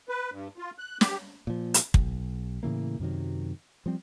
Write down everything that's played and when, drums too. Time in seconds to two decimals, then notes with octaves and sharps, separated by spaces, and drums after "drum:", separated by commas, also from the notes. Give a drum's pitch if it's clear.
0.09 B4
0.31 G2
0.58 F4
0.78 F#6
1.01 G4, drum: snare
1.47 A#2 F3
1.74 drum: hi-hat
1.94 B1, drum: kick
2.63 A2 C#3 E3 A#3
3.00 F#2 C3 D#3 F#3
3.86 F3 G3 C4